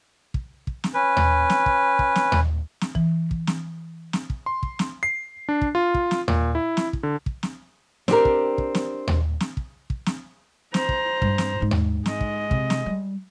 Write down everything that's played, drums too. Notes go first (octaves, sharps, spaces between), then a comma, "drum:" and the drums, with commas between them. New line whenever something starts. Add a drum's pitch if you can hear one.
drum: kick
drum: kick
drum: snare
C#4 B4
drum: tom D#2
drum: snare
drum: kick
drum: kick
drum: snare
drum: tom D#2
drum: snare
E3, drum: kick
drum: kick
drum: snare
drum: snare
drum: kick
C6
drum: kick
drum: snare
C7
D4
drum: kick
F4
drum: kick
drum: snare
A#2, drum: tom D#2
E4
drum: snare
drum: kick
D3
drum: kick
drum: snare
C4 D4 G4 A#4, drum: snare
drum: kick
drum: kick
drum: snare
drum: tom D#2
drum: snare
drum: kick
drum: kick
drum: snare
C5 A#5, drum: snare
drum: kick
G2, drum: kick
drum: snare
G#2 D#4
drum: tom D#2
G#3 D#5, drum: snare
drum: kick
C3 C4, drum: kick
drum: snare
G3